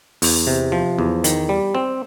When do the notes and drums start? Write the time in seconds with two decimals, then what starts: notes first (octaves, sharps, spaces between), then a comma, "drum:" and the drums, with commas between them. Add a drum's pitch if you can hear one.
0.22 E2, drum: open hi-hat
0.47 C3
0.72 F3
0.99 E2
1.24 D#3, drum: hi-hat
1.49 G3
1.75 C4